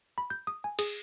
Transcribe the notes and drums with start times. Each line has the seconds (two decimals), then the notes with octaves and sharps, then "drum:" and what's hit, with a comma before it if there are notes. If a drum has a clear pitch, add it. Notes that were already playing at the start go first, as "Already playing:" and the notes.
0.18 B5
0.30 G6
0.47 D#6
0.64 G#5
0.79 G#4, drum: cymbal